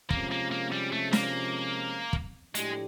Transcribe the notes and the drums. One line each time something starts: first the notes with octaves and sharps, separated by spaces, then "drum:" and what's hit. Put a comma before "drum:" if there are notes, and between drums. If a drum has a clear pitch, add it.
C3 F3 G#3 A#3 C#4 F4, drum: kick
A#3
A#3
G3
A3
A#3, drum: snare
drum: kick
A2 F3 G#3 A3 D4 G4, drum: hi-hat